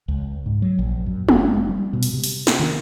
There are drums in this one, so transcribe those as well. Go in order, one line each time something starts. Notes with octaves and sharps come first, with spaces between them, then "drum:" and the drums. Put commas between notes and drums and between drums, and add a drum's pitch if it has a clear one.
C#2
G#2
F#3
A#1
F#2
F#1, drum: tom
G#3
G3
B2
drum: open hi-hat
C3
drum: open hi-hat
drum: snare
D#3